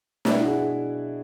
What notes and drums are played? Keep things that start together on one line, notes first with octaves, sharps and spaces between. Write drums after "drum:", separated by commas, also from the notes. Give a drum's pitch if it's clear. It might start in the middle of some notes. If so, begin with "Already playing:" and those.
B2 D4 E4, drum: snare
F#4 G#4